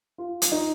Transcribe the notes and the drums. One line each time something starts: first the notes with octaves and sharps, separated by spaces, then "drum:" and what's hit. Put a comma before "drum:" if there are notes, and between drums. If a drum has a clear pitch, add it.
F4
drum: hi-hat
D#4